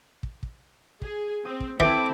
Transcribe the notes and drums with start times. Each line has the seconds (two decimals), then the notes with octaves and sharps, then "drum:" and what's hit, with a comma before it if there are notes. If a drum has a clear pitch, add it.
0.23 drum: kick
0.43 drum: kick
1.02 G#4, drum: kick
1.45 C4 D#6
1.60 drum: kick
1.80 E3 C4 E4 A4 G5 D6, drum: kick